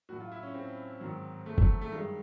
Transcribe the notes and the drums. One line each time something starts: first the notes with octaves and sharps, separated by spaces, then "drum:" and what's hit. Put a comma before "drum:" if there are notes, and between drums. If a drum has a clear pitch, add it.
A2 F#3 F#4
F4
E4
C#4
C4
G#2 D#3 F#3
A3
A3, drum: kick
A3
G2 D#3 F#3 G#3